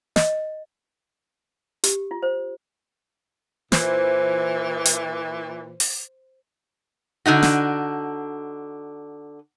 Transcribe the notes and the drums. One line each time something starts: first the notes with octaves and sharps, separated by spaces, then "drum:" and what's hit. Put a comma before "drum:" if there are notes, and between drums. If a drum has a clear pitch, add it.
D#5, drum: snare
G4, drum: hi-hat
F4
C5
A#2 E3 C5, drum: snare
drum: hi-hat
drum: open hi-hat
D3 D4 D#4 F#4
drum: snare